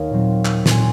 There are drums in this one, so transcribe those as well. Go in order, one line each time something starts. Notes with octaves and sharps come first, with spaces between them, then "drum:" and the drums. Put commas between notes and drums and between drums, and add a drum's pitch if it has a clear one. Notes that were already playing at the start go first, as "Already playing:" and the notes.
Already playing: D#2 C#5 D#5 F5
A#2 F#3 C4
drum: clap
A#2 F#3 C4 G#5 C6, drum: snare